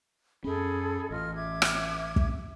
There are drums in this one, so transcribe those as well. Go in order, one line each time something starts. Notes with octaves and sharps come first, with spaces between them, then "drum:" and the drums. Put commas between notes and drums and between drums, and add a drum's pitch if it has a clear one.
F#2 C#4 G#4 A4 B5
A1 F4 D#5 F6
E5 D6 G#6
drum: rim click
drum: kick